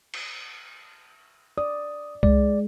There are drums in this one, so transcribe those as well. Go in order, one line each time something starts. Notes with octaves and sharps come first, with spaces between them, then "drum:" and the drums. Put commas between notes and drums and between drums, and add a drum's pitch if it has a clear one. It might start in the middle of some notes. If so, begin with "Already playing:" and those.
drum: cymbal
D5 D#6
G#3 D5, drum: kick C2